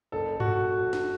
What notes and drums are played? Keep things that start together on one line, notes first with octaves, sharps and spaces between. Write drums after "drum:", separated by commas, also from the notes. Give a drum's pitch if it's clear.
F#1 A4
F#4, drum: tom G2
drum: snare